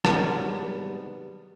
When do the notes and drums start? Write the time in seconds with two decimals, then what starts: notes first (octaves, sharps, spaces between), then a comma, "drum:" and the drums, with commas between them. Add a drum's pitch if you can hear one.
0.05 G#2 C3 D#3 F#3 G3 B3, drum: rim click